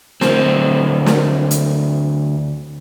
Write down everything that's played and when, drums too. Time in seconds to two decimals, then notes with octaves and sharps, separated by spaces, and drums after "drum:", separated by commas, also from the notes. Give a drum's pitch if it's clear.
0.21 D2 C4, drum: snare
1.06 drum: snare
1.51 drum: hi-hat